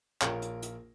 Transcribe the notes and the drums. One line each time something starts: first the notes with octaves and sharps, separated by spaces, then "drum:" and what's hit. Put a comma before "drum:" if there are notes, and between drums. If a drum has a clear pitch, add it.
A#1 F4 A#4 C#5, drum: clap
drum: hi-hat
drum: hi-hat